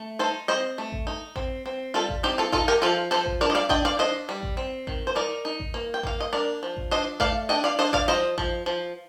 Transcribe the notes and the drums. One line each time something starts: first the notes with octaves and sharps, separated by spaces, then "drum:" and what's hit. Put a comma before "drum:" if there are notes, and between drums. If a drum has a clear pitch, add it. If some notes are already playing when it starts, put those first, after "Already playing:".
Already playing: A3
D#4 A4 C5
C4 C5 D#5
A3
drum: kick A1
D#4
C4, drum: kick A1
C4
G3 F4 A4
drum: kick A1
C4 D#4 G4
F4 A4
D#4 F4 A4, drum: kick A1
G4 A#4
F3 F4 A4
F3 A4 C5
drum: kick A1
D4 A#4 D5
D#5
D5 F5
D4 D#5 G5, drum: kick A1
D5 F5
D4 C5 D#5
G3
drum: kick A1
C4
D#3, drum: kick A1
C5
D#4 A#4 D5
D#4
drum: kick A1
A#3
G5
A#3 F5, drum: kick A1
D#5
D4 A#4 D5
F3
drum: kick A1
D4 C5 D#5
A3 D5 F5, drum: kick A1
D4 D#5 G5
D5 F5
D4 C5 D#5
D5 F5, drum: kick A1
F3 C5 D#5
F3, drum: kick A1
F3